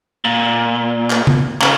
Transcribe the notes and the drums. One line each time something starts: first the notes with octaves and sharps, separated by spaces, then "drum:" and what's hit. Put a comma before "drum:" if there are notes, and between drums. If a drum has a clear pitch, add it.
A#2
drum: clap
drum: tom C#3
C#3, drum: clap